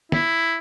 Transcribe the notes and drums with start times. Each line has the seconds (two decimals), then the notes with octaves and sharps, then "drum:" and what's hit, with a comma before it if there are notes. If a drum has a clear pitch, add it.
0.12 E4, drum: snare